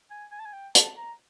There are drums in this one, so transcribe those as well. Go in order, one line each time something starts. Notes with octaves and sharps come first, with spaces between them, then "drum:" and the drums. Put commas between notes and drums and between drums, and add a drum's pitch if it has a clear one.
G#5
G#5
A5
G#5
G5
A5, drum: hi-hat
A#5